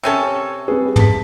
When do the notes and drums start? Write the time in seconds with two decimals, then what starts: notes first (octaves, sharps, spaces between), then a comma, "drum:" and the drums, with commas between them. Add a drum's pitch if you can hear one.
0.03 C3 C#4 A4 E6 G#6
0.68 G3 C4 G#4 B4
0.96 A5 B6, drum: tom